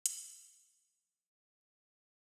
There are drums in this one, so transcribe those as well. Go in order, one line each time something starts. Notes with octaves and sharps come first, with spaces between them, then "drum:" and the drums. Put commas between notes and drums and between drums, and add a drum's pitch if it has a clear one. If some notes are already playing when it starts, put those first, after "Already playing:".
F#2 F3 A3 A#3 C4, drum: hi-hat